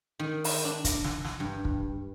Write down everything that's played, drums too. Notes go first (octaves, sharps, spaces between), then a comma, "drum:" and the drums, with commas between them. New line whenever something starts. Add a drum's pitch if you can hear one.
D#3
drum: open hi-hat
D4
drum: kick, hi-hat
drum: snare
drum: snare
G2
drum: kick